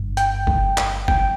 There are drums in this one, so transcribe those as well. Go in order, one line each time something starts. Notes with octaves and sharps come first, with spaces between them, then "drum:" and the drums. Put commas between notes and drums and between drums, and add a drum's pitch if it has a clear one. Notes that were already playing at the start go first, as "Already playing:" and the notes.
Already playing: G1 G2
G5, drum: hi-hat
drum: kick F#1
drum: clap
G5, drum: kick F#1